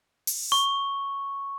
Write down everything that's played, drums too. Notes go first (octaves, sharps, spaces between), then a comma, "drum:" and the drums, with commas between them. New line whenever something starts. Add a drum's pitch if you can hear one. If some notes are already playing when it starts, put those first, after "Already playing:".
drum: open hi-hat
C#6